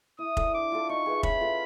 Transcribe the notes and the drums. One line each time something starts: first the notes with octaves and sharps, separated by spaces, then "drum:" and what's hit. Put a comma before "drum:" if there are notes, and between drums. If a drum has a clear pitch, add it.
E4 D#6
A4 D5, drum: kick F1
D4 D6
F4 A4
D#4 C#6
G#4 B4 E5
C#4 B5, drum: kick F1
F4 A4